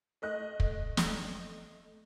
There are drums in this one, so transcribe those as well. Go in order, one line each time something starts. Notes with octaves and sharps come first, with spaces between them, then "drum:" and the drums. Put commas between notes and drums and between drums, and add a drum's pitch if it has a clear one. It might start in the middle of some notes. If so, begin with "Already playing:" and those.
A3 D#5 F#6
drum: kick
drum: snare